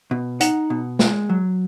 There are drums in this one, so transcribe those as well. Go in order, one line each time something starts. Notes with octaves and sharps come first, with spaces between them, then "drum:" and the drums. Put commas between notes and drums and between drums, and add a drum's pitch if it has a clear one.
B2
D#4 F#5, drum: hi-hat
B2
G#3, drum: snare
F#3